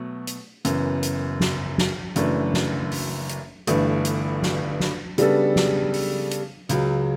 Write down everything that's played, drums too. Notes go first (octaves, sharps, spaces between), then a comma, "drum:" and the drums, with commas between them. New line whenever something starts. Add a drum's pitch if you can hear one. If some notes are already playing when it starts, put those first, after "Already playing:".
Already playing: B2 F#3 A3
drum: hi-hat
F#1 F#2 E3 B3, drum: hi-hat
drum: hi-hat
drum: snare
drum: snare
F#1 F#2 E3 A3 D4, drum: hi-hat
drum: snare
drum: open hi-hat
drum: hi-hat
G1 G2 E3 A3, drum: hi-hat
drum: hi-hat
drum: snare
drum: snare
C#3 G3 B3 D4 A4, drum: hi-hat
drum: snare
drum: open hi-hat
drum: hi-hat
C#2 C#3 F#3, drum: hi-hat